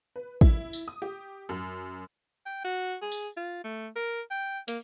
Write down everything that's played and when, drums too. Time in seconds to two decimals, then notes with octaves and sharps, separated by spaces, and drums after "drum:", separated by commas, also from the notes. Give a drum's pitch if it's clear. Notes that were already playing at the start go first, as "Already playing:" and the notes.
0.16 B4
0.41 E4, drum: kick
0.73 drum: tambourine
0.88 D#6
1.02 G4
1.49 F#2
2.46 G5
2.65 F#4
3.02 G#4
3.12 drum: tambourine
3.37 F4
3.64 A3
3.96 A#4
4.31 G5
4.68 A#3, drum: hi-hat